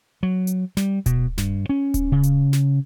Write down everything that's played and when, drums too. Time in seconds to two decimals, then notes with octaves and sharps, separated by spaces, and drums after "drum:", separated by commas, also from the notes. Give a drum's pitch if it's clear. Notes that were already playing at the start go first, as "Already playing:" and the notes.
0.23 F#3
0.47 drum: hi-hat
0.77 G3, drum: snare
1.06 B2, drum: kick D1, hi-hat
1.38 G2, drum: snare
1.69 C#4
1.94 drum: kick D1, hi-hat
2.12 C#3
2.23 drum: hi-hat
2.53 drum: snare